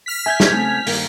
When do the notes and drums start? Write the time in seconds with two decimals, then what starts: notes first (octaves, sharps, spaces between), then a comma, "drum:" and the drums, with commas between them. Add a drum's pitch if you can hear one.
0.06 F6 B6
0.26 E5 G#5 G6 G#6
0.40 drum: snare
0.50 C#3 A3 C4
0.86 G2 D#3 A#3, drum: open hi-hat